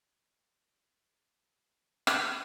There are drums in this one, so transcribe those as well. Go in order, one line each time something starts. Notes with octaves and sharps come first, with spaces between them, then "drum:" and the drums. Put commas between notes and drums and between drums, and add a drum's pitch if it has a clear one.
E2 G2 A#2
drum: rim click